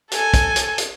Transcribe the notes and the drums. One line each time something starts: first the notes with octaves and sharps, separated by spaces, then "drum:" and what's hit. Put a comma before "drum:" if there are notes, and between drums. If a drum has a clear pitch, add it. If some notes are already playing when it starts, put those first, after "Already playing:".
A4 G#5, drum: hi-hat
drum: kick, hi-hat
drum: hi-hat
drum: hi-hat